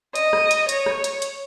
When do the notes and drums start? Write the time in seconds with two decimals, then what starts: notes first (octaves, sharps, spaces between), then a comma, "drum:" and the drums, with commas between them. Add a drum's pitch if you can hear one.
0.15 D#5, drum: hi-hat
0.33 drum: rim click
0.51 drum: hi-hat
0.69 C#5, drum: hi-hat
0.86 drum: rim click
1.04 drum: hi-hat
1.22 drum: hi-hat